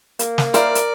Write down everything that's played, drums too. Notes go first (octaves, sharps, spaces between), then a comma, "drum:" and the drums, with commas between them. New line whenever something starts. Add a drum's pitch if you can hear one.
A#3, drum: hi-hat
drum: snare
E4 A#4 C5 D5 F5, drum: hi-hat
drum: hi-hat